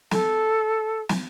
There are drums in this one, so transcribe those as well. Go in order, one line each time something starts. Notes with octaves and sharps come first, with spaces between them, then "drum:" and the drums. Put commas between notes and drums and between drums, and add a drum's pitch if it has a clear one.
A4, drum: snare
drum: snare